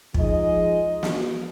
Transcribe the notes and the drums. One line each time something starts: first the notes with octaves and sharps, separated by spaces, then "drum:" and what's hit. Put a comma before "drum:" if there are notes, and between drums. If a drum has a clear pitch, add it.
F3 G#3 D#4 G#4 D#5, drum: kick
drum: snare